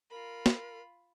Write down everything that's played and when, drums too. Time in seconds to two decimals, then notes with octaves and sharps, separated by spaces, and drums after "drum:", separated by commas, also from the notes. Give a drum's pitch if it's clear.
0.11 F4 A#4 B5
0.46 drum: snare